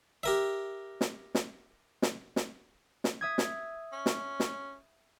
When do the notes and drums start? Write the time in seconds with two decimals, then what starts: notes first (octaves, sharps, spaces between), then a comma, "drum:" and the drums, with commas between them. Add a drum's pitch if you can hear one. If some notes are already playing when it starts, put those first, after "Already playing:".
0.23 G4 A#4 E5
1.01 drum: snare
1.35 drum: snare
2.02 drum: snare
2.36 drum: snare
3.04 drum: snare
3.21 E5 D#6 G#6
3.38 drum: snare
3.93 C#4
4.06 drum: snare
4.40 drum: snare